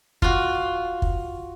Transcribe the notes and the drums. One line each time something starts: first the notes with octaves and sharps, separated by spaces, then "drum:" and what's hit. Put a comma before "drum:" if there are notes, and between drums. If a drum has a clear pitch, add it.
F4 F#4, drum: kick
drum: kick